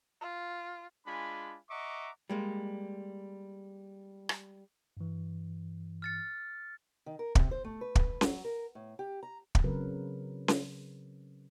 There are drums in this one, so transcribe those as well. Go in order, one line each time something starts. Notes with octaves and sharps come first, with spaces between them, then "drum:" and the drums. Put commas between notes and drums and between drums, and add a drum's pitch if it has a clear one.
F4
G#3 D4 F4 G#5 B5
D#5 E5 F#5 A#5 C#6 D6
G3 G#3 A#3
drum: rim click
G2 E3
F6 A6 C#7
D#3
A#4
C3, drum: kick
C5
A3
B4
drum: kick
F#3, drum: snare C#4
A#4
A2
G4
A#5
drum: kick
C#3 F#3 C4 A#4 B4
drum: snare C#4